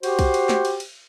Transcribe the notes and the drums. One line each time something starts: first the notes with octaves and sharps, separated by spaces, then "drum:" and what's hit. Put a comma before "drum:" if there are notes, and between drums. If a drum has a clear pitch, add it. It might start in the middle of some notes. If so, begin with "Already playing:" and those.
F#4 G4 C5, drum: cymbal
drum: kick B1, cymbal
drum: cymbal
drum: snare
drum: cymbal
drum: cymbal